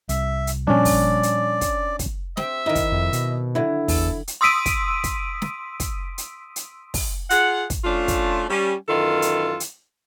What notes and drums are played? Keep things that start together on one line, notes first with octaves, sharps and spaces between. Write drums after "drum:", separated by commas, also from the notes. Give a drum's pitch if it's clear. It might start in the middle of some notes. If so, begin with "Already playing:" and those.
C2 E5, drum: hi-hat
drum: hi-hat
A#2 F3 G3 C#4 D4 D5
drum: kick, open hi-hat
drum: hi-hat
drum: kick, hi-hat
drum: kick, hi-hat
C4 G4 E5, drum: snare
D#3 D#4 E4 D#5
drum: kick, hi-hat
F2
B2, drum: hi-hat
D3 F#3 E4
E2 A4, drum: kick, open hi-hat
drum: hi-hat
C6 D#6 E6 B6 D7 D#7
drum: kick, hi-hat
drum: kick, hi-hat
drum: snare
drum: kick, hi-hat
drum: hi-hat
drum: hi-hat
drum: kick, open hi-hat
F4 G#4 F#5, drum: hi-hat
drum: kick, hi-hat
A3 C#4 D4 F4
drum: kick, hi-hat
G3 C#4
F#2 D#3 E3 F4 A4
drum: hi-hat
drum: hi-hat